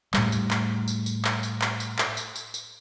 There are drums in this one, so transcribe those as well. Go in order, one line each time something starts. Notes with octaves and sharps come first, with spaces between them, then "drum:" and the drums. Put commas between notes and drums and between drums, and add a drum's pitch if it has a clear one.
A2 G3, drum: clap
drum: tambourine
drum: clap
drum: tambourine
drum: tambourine
drum: clap
drum: tambourine
drum: clap
drum: tambourine
drum: clap
drum: tambourine
drum: tambourine
drum: tambourine